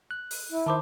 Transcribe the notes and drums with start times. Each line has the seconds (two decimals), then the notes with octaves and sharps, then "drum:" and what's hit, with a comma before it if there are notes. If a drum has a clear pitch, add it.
0.11 F#6
0.31 drum: open hi-hat
0.50 E4
0.66 D#3 C5 A5 B5 D6